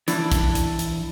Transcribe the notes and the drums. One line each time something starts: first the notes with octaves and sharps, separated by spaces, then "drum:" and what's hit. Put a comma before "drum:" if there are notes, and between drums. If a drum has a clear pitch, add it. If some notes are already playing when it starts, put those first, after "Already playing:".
E3 D4, drum: hi-hat
drum: kick, hi-hat
drum: hi-hat
drum: hi-hat